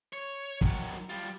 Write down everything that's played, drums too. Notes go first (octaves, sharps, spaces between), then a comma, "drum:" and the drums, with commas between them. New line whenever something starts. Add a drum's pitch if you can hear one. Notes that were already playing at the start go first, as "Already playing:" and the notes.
C#5
D#3 F#3, drum: kick
G3 F4